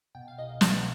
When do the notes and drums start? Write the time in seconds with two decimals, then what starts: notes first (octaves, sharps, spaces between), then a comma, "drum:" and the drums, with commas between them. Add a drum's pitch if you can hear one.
0.15 B2 G5
0.28 F5
0.38 C2 D#5
0.61 B2 D5, drum: snare